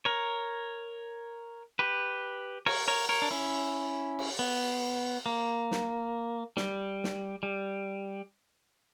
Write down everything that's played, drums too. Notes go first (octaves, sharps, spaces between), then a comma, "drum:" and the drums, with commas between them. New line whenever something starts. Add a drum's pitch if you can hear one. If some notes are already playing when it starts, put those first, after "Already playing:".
A#4 C#5
G4 B4
A#4 C#5, drum: cymbal
A#4 C#5
A#4 C#5
D4
C#4 E4
drum: cymbal
B3
A#3
drum: snare
G3, drum: snare
drum: snare
G3